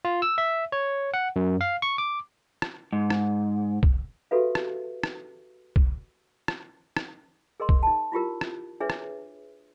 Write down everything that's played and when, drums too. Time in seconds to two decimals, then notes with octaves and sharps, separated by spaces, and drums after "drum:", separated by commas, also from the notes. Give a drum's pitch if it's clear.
0.05 F4
0.22 E6
0.38 E5
0.72 C#5
1.14 F#5
1.36 F#2
1.61 F5
1.82 C#6
1.98 D6
2.62 drum: rim click
2.93 G#2
3.10 drum: rim click
3.83 drum: kick C2
4.31 F#4 G4 A4 B4 E5 F5
4.55 drum: rim click
5.03 drum: rim click
5.76 drum: kick C2
6.48 drum: rim click
6.97 drum: rim click
7.60 G#4 A#4 D#5 C6
7.69 drum: kick C2
7.83 D#4 A5
8.12 E4 F4 G4 A#4
8.41 drum: rim click
8.80 D4 G#4 B4 C#5 E5
8.90 drum: rim click